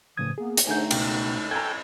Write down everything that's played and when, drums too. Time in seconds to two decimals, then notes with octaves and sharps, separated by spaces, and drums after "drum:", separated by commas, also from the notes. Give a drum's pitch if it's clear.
0.17 A2 C#3 E3 F3 D#6 G#6
0.38 A#3 B3 G#4
0.57 drum: hi-hat
0.67 D3 A3 D#4 G#4 F#5 G#5 G6
0.91 C#2 B2 G5, drum: cymbal
1.51 A4 G5 G#5 A#5 G#6